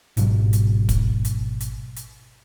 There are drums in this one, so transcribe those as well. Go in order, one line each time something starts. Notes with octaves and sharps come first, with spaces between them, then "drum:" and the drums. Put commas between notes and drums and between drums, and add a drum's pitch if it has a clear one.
G#1 G#2 B2 F#3, drum: hi-hat
drum: hi-hat
drum: kick, hi-hat
drum: hi-hat
drum: hi-hat
drum: hi-hat